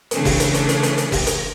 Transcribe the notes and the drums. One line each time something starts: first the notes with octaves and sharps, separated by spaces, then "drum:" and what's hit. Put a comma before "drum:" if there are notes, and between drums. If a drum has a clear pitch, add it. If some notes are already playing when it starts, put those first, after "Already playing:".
C#3 E3 A3 D4 G#4, drum: hi-hat
drum: kick F1, open hi-hat
drum: hi-hat
drum: hi-hat
drum: hi-hat
drum: hi-hat
drum: hi-hat
drum: kick F1, open hi-hat
drum: hi-hat